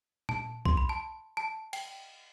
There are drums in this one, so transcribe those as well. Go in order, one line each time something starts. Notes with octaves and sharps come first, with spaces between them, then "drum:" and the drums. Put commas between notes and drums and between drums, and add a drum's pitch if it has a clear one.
A5, drum: tom A#2
C6, drum: kick B1
B5
A5
A5
G5, drum: cymbal